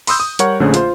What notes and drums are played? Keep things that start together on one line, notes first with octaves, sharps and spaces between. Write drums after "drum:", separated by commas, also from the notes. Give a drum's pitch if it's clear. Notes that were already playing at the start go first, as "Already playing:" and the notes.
B5 C6 D#6 E6 G6, drum: open hi-hat
D#6
G3 A#4 C#5 F#5 C#6, drum: hi-hat
A#1 D3 A3 C#4 G#4 C5
F4 C5, drum: hi-hat